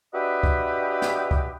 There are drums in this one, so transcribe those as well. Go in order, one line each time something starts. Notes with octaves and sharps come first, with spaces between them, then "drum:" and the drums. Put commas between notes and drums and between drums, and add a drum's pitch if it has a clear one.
D4 F#4 G4 B4 D#5 E5
drum: kick C#2
drum: snare
drum: kick C#2